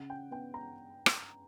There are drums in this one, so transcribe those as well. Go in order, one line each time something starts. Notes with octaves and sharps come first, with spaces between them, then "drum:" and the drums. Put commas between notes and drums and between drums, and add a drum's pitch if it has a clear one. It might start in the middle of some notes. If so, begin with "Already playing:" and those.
Already playing: C#3 F#5
G5
B3 G5
A#5
drum: rim click